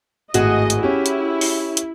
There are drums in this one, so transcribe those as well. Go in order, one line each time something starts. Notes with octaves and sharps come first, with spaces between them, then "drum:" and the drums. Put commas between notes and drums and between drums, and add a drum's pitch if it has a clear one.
G#1 A2 F#4 G#4 D#5, drum: hi-hat
drum: hi-hat
C#4 E4 G4
drum: hi-hat
drum: open hi-hat
drum: hi-hat